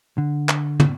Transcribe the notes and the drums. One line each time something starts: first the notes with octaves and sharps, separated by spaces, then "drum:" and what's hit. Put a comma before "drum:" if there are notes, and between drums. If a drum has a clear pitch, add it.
D3
drum: clap
drum: tom